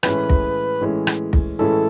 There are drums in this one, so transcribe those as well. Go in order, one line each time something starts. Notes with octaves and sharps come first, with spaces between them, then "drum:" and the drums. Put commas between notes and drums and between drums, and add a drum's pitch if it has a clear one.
A2 E3 G#3 C#4 E4 B4, drum: rim click
drum: kick
A2 E3 G#3 C#4 E4
drum: rim click
drum: kick
A2 E3 G#3 C#4 E4 A4